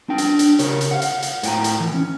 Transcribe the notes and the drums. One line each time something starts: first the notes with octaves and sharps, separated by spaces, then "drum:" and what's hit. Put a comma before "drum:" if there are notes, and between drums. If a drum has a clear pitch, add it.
D4 G5
drum: hi-hat
drum: hi-hat
C#3 G4 A#4 C#5, drum: hi-hat
drum: hi-hat
F5 F#5
drum: hi-hat
drum: hi-hat
A2 G5 A#5, drum: hi-hat
drum: hi-hat
E3
C#4